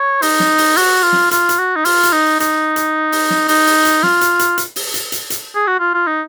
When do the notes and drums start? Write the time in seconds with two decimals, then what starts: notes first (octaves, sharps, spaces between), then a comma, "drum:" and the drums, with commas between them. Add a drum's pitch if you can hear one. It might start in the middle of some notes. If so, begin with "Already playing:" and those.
Already playing: C#5
0.22 D#4, drum: open hi-hat
0.40 drum: snare
0.58 drum: open hi-hat
0.77 F#4, drum: open hi-hat
1.03 F4
1.13 drum: snare
1.31 F4, drum: hi-hat
1.49 drum: hi-hat
1.59 F#4
1.76 D#4
1.85 F4, drum: open hi-hat
2.03 drum: hi-hat
2.13 D#4
2.40 D#4, drum: hi-hat
2.76 drum: hi-hat
3.12 drum: open hi-hat
3.30 drum: snare
3.48 D#4, drum: open hi-hat
3.67 drum: open hi-hat
3.85 drum: hi-hat
4.03 F4, drum: snare
4.21 drum: hi-hat
4.39 drum: hi-hat
4.58 drum: hi-hat
4.76 drum: open hi-hat
4.94 drum: hi-hat
5.12 drum: hi-hat
5.30 drum: hi-hat
5.55 G#4
5.67 F#4
5.80 F4
5.94 F4
6.07 D#4